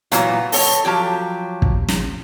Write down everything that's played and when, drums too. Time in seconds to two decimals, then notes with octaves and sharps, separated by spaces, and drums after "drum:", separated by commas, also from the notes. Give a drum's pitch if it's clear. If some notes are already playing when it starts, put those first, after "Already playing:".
0.12 A#2 E3 F#3 B3 F4, drum: hi-hat
0.52 A4 C#5, drum: open hi-hat
0.85 F3 F#3 G4
1.62 drum: kick
1.88 drum: snare